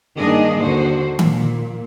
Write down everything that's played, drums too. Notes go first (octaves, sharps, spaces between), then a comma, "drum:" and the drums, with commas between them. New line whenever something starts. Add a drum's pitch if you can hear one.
G2 D#3 A#3 D4 G#4 D#5
D#2 D3 F#4 C5
A#2, drum: tom D#3